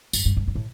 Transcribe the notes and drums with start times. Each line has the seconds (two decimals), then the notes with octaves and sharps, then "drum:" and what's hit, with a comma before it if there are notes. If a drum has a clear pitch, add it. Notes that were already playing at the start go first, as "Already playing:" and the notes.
0.13 G2, drum: tambourine
0.25 G2
0.37 G2
0.48 G2
0.55 A2